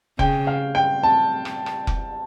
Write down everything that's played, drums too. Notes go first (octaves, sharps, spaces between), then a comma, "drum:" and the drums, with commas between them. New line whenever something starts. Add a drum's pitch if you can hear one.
C#3 G5, drum: kick F1
F5
G5
A5
drum: rim click
drum: rim click
drum: kick F1